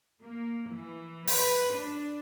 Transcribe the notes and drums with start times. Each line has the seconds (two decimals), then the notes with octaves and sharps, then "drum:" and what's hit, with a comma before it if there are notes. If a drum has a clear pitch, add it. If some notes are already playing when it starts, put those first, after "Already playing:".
0.21 A#3
0.67 E3
1.27 B4, drum: open hi-hat
1.73 D4